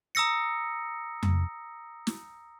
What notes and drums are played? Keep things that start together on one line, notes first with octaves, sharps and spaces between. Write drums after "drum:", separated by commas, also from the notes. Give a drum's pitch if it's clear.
A#5 D#6 E6 A#6 C#7
drum: tom F2
drum: snare